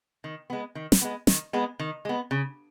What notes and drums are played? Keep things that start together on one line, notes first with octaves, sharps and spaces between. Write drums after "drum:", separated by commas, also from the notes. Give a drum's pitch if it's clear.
D#3
G#3 B3
D#3
drum: snare
G#3 B3
D#3, drum: snare
G#3 B3
D#3
G#3 B3
C#3